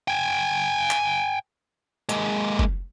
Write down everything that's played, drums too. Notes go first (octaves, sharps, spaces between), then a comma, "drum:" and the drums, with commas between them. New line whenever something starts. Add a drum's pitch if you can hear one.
G5 G#5
drum: clap
G#3 A#3, drum: hi-hat
drum: kick